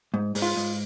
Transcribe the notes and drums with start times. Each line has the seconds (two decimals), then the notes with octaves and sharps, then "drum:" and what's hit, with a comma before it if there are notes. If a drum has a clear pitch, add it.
0.14 G#2
0.35 G#2, drum: open hi-hat
0.42 F4
0.57 G#2